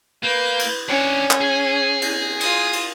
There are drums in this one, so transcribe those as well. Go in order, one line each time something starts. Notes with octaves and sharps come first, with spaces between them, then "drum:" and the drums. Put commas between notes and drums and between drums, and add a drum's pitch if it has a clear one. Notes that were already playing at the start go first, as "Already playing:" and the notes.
A#3 B4 G6
drum: cymbal
C#4 D4 C#5
drum: clap
G#4
drum: cymbal
F4 D#6, drum: cymbal
drum: cymbal